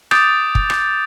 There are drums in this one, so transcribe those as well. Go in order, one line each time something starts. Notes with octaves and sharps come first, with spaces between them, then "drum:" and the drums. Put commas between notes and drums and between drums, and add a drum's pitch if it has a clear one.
D6 D#6 G6 A6 D7, drum: rim click
drum: kick
drum: rim click